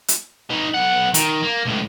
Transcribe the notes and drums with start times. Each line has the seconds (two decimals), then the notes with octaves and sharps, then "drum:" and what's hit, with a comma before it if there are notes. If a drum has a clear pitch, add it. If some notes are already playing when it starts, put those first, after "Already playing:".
0.08 drum: hi-hat
0.50 D#4 B4
0.74 B1 F#5
1.14 D#3, drum: hi-hat
1.44 A#3
1.66 C#2 A2